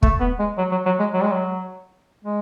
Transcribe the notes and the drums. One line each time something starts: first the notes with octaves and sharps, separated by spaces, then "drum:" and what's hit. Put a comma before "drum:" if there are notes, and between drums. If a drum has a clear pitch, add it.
A3, drum: kick
B3
G#3
F#3
F#3
F#3
G#3
F#3
G#3
F#3
G#3